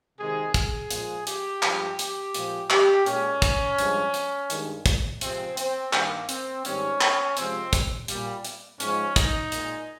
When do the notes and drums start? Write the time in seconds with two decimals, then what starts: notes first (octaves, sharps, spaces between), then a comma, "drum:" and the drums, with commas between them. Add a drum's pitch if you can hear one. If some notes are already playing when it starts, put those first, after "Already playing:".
0.19 C3 D#3 G#3 G#4
0.54 G#4, drum: kick, hi-hat
0.91 A#2 F3 G#3, drum: hi-hat
1.27 G4, drum: hi-hat
1.62 G2 F3 G#3, drum: clap
1.99 G4, drum: hi-hat
2.34 A#2 F3 G#3, drum: hi-hat
2.70 G4, drum: clap
3.06 A#2 G#3 C#4, drum: hi-hat
3.42 drum: kick, hi-hat
3.78 G2 F3 G#3, drum: hi-hat
4.14 drum: hi-hat
4.50 G2 D#3 G#3, drum: hi-hat
4.86 drum: kick, hi-hat
5.21 C3 F3 G#3 C4, drum: hi-hat
5.57 C4, drum: hi-hat
5.93 G2 D#3 G3 A#3, drum: clap
6.29 C4, drum: hi-hat
6.65 G#2 D#3 G3 C#4, drum: hi-hat
7.01 drum: clap
7.37 C3 F3 G#3 C4, drum: hi-hat
7.73 drum: kick, hi-hat
8.08 A#2 G3, drum: hi-hat
8.45 drum: hi-hat
8.80 G#2 F3 G#3 C#4, drum: hi-hat
9.16 D#4, drum: kick, hi-hat
9.52 A#2 G#3, drum: hi-hat